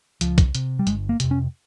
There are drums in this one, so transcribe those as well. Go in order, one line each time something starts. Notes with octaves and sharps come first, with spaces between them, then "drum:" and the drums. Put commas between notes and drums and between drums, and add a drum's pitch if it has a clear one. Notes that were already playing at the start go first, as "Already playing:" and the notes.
C#2 F3, drum: hi-hat
drum: kick B1, hi-hat
C3, drum: hi-hat
G3
G1 G#3, drum: hi-hat
A#3
F2 C3, drum: hi-hat
C#4